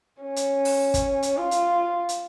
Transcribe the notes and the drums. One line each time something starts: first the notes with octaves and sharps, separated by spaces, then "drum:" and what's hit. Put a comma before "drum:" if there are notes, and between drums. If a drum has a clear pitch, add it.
C#4
drum: hi-hat
drum: open hi-hat
drum: kick, hi-hat
drum: hi-hat
F4
drum: hi-hat
drum: hi-hat